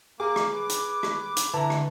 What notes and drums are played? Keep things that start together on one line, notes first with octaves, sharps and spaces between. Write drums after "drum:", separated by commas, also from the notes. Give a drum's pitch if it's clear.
A#3 G#4 D6
drum: rim click
B4
drum: hi-hat
drum: rim click
drum: hi-hat
D3 E3 A5 A#5
drum: rim click